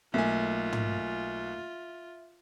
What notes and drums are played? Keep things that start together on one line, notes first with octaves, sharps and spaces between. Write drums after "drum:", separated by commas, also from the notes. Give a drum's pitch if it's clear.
B1 A3 A#3 F4 E5 G#5
drum: tom